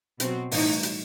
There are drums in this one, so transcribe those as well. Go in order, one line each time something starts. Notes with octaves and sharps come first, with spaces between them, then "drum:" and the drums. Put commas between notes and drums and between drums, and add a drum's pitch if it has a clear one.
B2 F#3 C4 F#4, drum: hi-hat
A2 E3 G3 D#4 F#4, drum: open hi-hat
drum: hi-hat